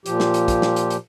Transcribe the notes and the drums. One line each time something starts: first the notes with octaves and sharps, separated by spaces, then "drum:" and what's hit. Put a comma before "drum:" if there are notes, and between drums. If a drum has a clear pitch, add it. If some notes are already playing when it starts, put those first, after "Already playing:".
A#2 F3 G4, drum: hi-hat
drum: snare
drum: hi-hat
drum: kick, hi-hat
drum: snare
drum: hi-hat
drum: hi-hat